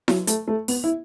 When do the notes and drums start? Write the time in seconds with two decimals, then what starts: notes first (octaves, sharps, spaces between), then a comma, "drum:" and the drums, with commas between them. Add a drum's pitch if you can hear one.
0.08 F#3, drum: snare E4
0.27 A3, drum: hi-hat
0.48 A3
0.68 B3, drum: open hi-hat
0.84 E4